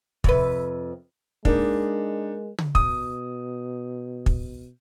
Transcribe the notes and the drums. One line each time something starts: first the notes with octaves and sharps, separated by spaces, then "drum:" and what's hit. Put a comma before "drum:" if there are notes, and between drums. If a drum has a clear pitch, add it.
F2 C3 B4, drum: kick
G#3 A#3 D4 D#4, drum: kick
drum: tom
B2 D#6, drum: kick
drum: kick